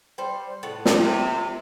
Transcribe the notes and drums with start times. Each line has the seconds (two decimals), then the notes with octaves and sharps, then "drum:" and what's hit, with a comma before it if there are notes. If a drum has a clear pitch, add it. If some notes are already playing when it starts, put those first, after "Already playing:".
0.18 G3 C5
0.63 A2 F#5
0.85 drum: snare
1.01 C3 F4 G4 A#4